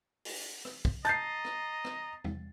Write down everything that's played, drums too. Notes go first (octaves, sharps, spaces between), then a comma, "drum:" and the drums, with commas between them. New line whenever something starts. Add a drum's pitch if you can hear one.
drum: open hi-hat
drum: rim click
drum: kick
D#5 A5 A#5 G6 A6 C7, drum: hi-hat
drum: rim click
drum: rim click
drum: tom E2